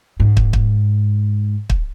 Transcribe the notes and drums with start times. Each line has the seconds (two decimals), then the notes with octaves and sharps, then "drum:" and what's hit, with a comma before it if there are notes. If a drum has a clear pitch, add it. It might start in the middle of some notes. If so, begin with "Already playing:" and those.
0.20 G#2
0.37 drum: kick
0.53 drum: kick
1.70 drum: kick